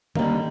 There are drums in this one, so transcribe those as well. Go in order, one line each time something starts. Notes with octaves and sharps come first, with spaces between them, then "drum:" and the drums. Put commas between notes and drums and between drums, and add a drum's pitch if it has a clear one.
D3 G3 A#3 D#4, drum: tom D#3